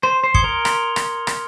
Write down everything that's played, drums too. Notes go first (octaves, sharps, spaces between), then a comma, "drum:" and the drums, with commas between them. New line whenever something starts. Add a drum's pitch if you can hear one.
C5 C6
C5
D#6 G#6 C#7 G7, drum: kick
A#4
C6, drum: rim click
drum: rim click
drum: rim click